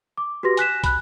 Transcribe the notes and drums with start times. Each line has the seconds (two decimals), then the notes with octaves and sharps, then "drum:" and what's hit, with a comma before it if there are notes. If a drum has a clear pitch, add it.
0.18 D6
0.43 F#4 G4 B4 C6 A#6
0.57 G#5 F#6 B6 E7, drum: hi-hat
0.84 B5 F#6, drum: kick, hi-hat